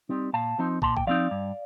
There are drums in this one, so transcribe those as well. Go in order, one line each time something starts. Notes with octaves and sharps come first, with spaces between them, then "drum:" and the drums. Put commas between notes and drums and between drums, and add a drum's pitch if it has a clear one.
G3 C4 D#4
A#2 F5 A5
F3 C4 D#4
A#2 A5 C6, drum: kick
G5, drum: kick
F3 C4 D#4 D5 F5
G2